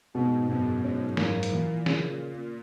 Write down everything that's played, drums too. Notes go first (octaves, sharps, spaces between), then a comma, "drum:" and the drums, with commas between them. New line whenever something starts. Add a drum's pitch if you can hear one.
G#2 B2
F#2 B2
G#2 C#4
A#3, drum: snare
drum: hi-hat
A#2 E3
C#3, drum: snare